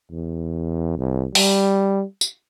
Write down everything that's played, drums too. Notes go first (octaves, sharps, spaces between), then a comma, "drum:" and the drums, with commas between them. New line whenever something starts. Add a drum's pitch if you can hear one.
E2
C2
G3, drum: open hi-hat
drum: tambourine